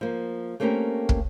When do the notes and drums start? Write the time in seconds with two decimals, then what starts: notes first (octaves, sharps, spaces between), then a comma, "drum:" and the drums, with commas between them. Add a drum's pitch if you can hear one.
0.01 F3 A#3
0.60 A3 A#3 C4 C#4 G4 A#4
1.09 drum: kick